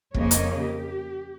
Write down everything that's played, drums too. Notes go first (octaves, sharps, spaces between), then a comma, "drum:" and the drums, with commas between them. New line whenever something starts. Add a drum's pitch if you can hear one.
F2 C#3 A#3 C#5 D#5, drum: kick
drum: hi-hat
G4